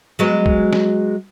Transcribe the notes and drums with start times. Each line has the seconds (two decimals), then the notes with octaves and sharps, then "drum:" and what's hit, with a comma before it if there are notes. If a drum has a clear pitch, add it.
0.19 F#3 G#3 B3
0.46 drum: kick
0.73 drum: snare